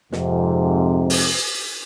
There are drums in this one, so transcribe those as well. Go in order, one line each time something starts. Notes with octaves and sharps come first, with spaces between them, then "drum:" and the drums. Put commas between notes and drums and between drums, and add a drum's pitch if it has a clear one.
F2 G#2 C3, drum: snare
drum: open hi-hat